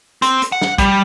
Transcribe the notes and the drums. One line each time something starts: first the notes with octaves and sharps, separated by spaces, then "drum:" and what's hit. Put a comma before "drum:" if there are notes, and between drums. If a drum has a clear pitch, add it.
C4, drum: hi-hat
drum: hi-hat
F#5
drum: snare
G3, drum: kick, hi-hat